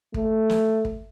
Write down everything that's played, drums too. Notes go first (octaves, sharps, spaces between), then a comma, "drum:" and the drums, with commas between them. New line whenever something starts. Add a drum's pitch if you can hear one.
A3, drum: kick
drum: snare
drum: kick